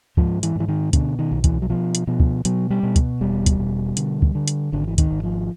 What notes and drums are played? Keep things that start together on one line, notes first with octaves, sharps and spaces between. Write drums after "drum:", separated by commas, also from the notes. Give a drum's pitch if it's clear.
G#2 F3, drum: kick
E3, drum: hi-hat
G#2 E3
D#3
B2 D3, drum: kick, hi-hat
D#3
B1
E3, drum: kick, hi-hat
F#3
B2 F3
drum: hi-hat
B2 F3
drum: kick
B2 F#3, drum: hi-hat
G3
B2
drum: kick, hi-hat
E1 G3
drum: kick, hi-hat
B2
D3, drum: hi-hat
drum: kick
D3
drum: hi-hat
G#1 D3
E3
D#3, drum: kick, hi-hat
G#1
F3